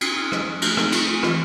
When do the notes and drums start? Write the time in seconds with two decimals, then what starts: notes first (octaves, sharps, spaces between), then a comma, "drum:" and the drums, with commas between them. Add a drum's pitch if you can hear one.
0.01 C#4, drum: cymbal
0.17 C#4
0.32 F3, drum: rim click
0.46 F3
0.62 A3 D4, drum: cymbal
0.77 C4 D#4, drum: rim click
0.92 A3 F4, drum: cymbal
1.07 C4 F4
1.23 E3 F4, drum: rim click